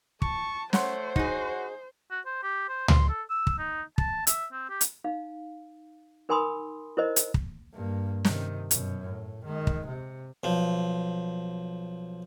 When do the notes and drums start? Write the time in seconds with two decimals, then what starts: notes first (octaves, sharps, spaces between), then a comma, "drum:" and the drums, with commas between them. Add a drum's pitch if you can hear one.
0.22 A5 C#6, drum: kick
0.73 A3 C5 C#5 F#5 C6, drum: snare
1.16 D#4 F#4 G#4, drum: kick
2.11 F#4
2.26 C5
2.43 G4
2.69 C5
2.88 C6, drum: tom C#2
3.09 A4
3.30 E6
3.47 drum: kick
3.58 D#4
3.98 A5, drum: kick
4.27 E5, drum: hi-hat
4.52 C4
4.69 G4
4.81 drum: hi-hat
5.04 D#4 F5
6.29 D#4 A#4 G#5 B5 C6 D#6
6.97 E4 A#4 C5 D#5
7.16 drum: hi-hat
7.34 drum: kick
7.74 G2 A#3
8.25 C3 D#3, drum: snare
8.71 F#2 B2, drum: hi-hat
9.07 A2
9.45 D#3 G#3
9.67 drum: kick
9.87 C3
10.44 B1 F3